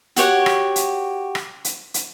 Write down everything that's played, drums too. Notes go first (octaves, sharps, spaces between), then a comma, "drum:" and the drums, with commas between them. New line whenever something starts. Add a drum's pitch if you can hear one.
F#4 G4 C#5 F#5, drum: hi-hat
drum: rim click
drum: hi-hat
drum: rim click
drum: hi-hat
drum: hi-hat